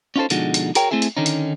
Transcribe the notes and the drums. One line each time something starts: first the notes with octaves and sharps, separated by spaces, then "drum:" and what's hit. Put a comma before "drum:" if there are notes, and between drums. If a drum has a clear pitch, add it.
C#4 D#4 F4 G4 A4 C5
B2 D3 F3 G#3 D#4 F#4, drum: hi-hat
drum: hi-hat
F#4 G#4 A#4 C#5 G5, drum: hi-hat
A3 C4 E4 G#4 E5
drum: hi-hat
D3 D#3 C#4 D#4
drum: hi-hat